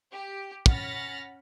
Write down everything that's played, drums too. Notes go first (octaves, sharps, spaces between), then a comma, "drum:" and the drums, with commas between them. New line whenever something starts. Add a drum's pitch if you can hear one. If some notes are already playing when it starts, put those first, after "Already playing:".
G4
C#4 F#5 B5 F6 A6 A#6, drum: kick